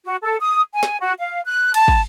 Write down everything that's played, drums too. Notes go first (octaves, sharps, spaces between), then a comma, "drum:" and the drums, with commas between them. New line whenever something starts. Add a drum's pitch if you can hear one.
F#4
A4
D#6
G#5
drum: snare
F#4
F5
F#6
A5, drum: cymbal
drum: kick